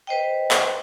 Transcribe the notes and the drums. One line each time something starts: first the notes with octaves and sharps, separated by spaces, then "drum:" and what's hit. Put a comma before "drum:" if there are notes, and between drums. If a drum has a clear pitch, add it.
B4 C5 D#5 G5
drum: clap